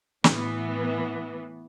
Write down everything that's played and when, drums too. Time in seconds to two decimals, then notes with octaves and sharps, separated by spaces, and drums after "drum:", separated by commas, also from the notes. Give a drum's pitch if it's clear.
0.24 A2 E3 B3, drum: snare